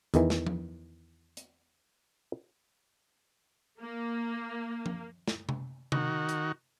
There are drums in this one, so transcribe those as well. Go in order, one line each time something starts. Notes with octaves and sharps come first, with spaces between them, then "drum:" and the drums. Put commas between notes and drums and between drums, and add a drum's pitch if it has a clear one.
E2 D#3 E3, drum: hi-hat
drum: snare
drum: tom F3
drum: hi-hat
A#3
drum: tom F3
drum: snare
drum: tom C3
D#3 F#4, drum: tom C3
drum: hi-hat